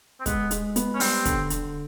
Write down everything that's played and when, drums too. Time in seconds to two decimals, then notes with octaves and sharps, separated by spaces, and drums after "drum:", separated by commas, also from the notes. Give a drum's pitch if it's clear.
0.20 C4
0.26 G#3 B3, drum: kick, hi-hat
0.51 G#3, drum: hi-hat
0.76 B3, drum: hi-hat
0.94 C#4
1.00 G3 C4, drum: open hi-hat
1.25 D3, drum: kick, hi-hat
1.50 D3, drum: hi-hat